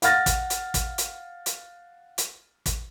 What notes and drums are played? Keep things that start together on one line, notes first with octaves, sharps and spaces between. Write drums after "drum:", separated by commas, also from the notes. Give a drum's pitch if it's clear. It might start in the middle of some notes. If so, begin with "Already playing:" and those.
F5 F#5 F6 A6 A#6, drum: hi-hat
drum: kick, hi-hat
drum: hi-hat
drum: kick, hi-hat
drum: hi-hat
drum: hi-hat
drum: hi-hat
drum: kick, hi-hat